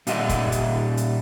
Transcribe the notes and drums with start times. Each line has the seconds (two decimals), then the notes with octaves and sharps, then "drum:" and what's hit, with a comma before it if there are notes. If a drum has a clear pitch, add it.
0.07 A#2 G3 D#5 E5 F#5 C6, drum: hi-hat
0.29 drum: kick, hi-hat
0.52 drum: hi-hat
0.97 drum: hi-hat